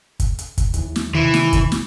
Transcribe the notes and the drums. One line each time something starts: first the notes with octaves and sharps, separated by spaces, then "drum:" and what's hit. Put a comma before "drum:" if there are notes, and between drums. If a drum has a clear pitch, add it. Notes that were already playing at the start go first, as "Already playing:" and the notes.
drum: kick, hi-hat
drum: hi-hat
drum: kick, hi-hat
D#2 E3, drum: hi-hat
drum: snare
C3 D#3 E3
drum: snare
drum: kick, hi-hat
drum: snare